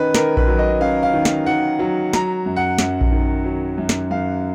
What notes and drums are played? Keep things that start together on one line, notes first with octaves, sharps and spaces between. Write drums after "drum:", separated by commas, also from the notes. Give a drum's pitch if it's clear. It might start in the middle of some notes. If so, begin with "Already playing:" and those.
Already playing: D#3 C#4 B4 D#5
D#3 A#4, drum: snare
B4, drum: kick A#1
F#3
D#5
C#4 F5
F5
D#3
F5, drum: snare
D#3 F#5
F#3
F#3 A#5, drum: snare
F#2
F#5
F#2, drum: snare
drum: kick A#1
D#3
F#3
F#2
drum: snare
F#2 F5